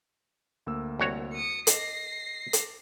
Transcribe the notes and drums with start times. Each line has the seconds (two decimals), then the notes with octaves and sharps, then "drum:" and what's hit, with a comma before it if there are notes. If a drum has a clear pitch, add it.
0.67 D2 A#3 E6
1.00 C2 F#4 C#5
1.32 D#6 C#7
1.67 D#5 A#6 C7, drum: hi-hat
2.53 drum: hi-hat